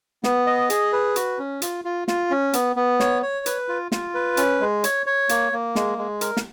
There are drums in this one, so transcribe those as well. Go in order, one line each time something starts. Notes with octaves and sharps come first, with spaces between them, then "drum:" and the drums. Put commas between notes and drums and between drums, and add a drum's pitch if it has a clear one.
B3, drum: snare
D#5
G#4, drum: hi-hat
B4
F#4, drum: hi-hat
C#4
F4, drum: hi-hat
F4
F4, drum: snare
C#4
B3, drum: hi-hat
B3
C#5, drum: snare
C#5
B4, drum: hi-hat
F4
F4, drum: snare
B4
C#4, drum: hi-hat
G#3
C#5, drum: hi-hat
C#5
A#3, drum: hi-hat
A#3
G#3, drum: snare
G#3
A#4, drum: hi-hat
drum: snare